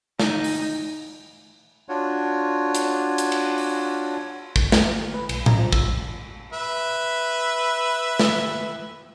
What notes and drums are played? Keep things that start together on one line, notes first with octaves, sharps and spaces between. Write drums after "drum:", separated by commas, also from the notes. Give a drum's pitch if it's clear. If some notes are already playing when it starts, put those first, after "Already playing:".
D#4, drum: snare
drum: open hi-hat
D4 F4 F#4 C#5
drum: hi-hat
drum: hi-hat
drum: cymbal
drum: open hi-hat
drum: kick
drum: snare
B4
B1, drum: cymbal
A#5, drum: tom A2
F3
E6, drum: kick
B4 E5
drum: snare